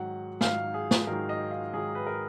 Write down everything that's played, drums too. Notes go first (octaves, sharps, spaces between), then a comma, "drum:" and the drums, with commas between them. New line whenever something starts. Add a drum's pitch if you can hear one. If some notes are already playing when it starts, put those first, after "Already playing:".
Already playing: G#2 D#3 F#3 F#5
G#2 D#3 F#3 F5, drum: snare
G#4
drum: snare
G#2 D#3 F#3 A#4
D#5
F5
G#2 D#3 F#3 G#4
B4
A#4